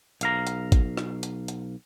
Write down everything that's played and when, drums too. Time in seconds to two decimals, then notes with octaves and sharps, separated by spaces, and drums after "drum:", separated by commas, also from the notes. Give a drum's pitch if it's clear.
0.21 B1 F5 A#5, drum: hi-hat
0.47 drum: hi-hat
0.72 drum: kick G#1, hi-hat
0.97 drum: rim click
1.23 drum: hi-hat
1.48 drum: hi-hat